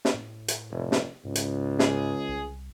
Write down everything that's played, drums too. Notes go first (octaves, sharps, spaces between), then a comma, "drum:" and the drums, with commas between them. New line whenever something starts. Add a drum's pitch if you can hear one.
drum: snare
A2
drum: hi-hat
F1
drum: snare
C#2 G#2
drum: hi-hat
G#4, drum: snare
C2